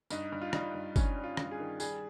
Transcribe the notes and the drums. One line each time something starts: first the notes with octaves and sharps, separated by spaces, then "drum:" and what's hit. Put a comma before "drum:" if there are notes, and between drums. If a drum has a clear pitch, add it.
G2 D#4, drum: tambourine
G2
F4
G3 D#4, drum: rim click
G2
G2 C#4, drum: kick, tambourine
G3
F4
G2, drum: rim click
G#4
D#3
G3 G#4, drum: tambourine